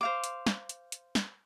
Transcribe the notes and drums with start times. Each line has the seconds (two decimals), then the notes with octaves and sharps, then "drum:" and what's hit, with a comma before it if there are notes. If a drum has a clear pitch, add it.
0.01 C5 F5 D6
0.24 drum: hi-hat
0.47 drum: snare
0.69 drum: hi-hat
0.92 drum: hi-hat
1.15 drum: snare